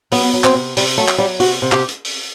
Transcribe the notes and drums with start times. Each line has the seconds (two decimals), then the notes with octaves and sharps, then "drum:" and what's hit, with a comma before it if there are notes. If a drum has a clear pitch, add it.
0.12 F#3 B3, drum: open hi-hat
0.33 F#3
0.44 C4, drum: clap
0.55 C3
0.77 C3 G3, drum: open hi-hat
0.98 F#3 A3
1.08 drum: clap
1.18 F#3 G3
1.40 C3 F#4, drum: open hi-hat
1.62 C3
1.72 G4, drum: clap
1.89 drum: hi-hat
2.05 drum: open hi-hat